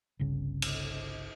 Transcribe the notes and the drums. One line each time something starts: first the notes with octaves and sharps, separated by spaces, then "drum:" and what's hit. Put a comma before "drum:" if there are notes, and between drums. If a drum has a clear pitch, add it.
G1 C2 C#3
drum: cymbal